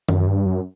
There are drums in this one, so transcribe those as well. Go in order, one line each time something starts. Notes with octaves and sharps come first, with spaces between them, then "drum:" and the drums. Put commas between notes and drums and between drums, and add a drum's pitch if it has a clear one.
F#2, drum: tom D#3
G2
F#2